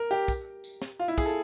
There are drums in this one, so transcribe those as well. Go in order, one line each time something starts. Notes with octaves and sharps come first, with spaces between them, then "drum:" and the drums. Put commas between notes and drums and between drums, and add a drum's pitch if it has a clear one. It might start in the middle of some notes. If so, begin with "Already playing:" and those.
Already playing: A#4
G4
drum: kick, tambourine
drum: tambourine
drum: snare
F4
E4
G#4, drum: kick, tambourine
A4